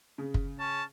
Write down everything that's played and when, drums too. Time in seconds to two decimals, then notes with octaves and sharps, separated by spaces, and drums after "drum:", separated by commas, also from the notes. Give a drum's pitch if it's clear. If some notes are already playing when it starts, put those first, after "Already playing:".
0.18 C#3
0.34 drum: kick
0.59 C#4 A5